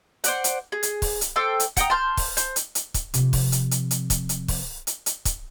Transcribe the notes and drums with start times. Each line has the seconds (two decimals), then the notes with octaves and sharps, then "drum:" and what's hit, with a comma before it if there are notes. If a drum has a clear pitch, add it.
0.24 C5 D5 F#5, drum: hi-hat
0.44 drum: hi-hat
0.72 G#4
0.83 drum: hi-hat
1.02 drum: kick, open hi-hat
1.21 drum: hi-hat
1.36 A4 C5 G5 D6
1.60 drum: hi-hat
1.77 F#5 G5 A#5 D#6, drum: kick, hi-hat
1.90 A5 C6 F6 G6
2.17 drum: kick, open hi-hat
2.37 C5, drum: hi-hat
2.56 drum: hi-hat
2.75 drum: hi-hat
2.94 drum: kick, hi-hat
3.14 C3 F3, drum: hi-hat
3.33 drum: kick, open hi-hat
3.52 drum: hi-hat
3.71 drum: hi-hat
3.91 drum: hi-hat
4.10 drum: kick, hi-hat
4.29 drum: hi-hat
4.48 drum: kick, open hi-hat
4.87 drum: hi-hat
5.06 drum: hi-hat
5.25 drum: kick, hi-hat